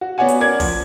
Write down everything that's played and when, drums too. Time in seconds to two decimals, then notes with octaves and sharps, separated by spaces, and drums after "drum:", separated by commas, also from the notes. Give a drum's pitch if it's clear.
0.01 F#4
0.18 B3 F#4 C#5 D5 F#5 G#5
0.28 drum: hi-hat
0.40 C#4 A#4 D5 G#6
0.60 F3, drum: kick, open hi-hat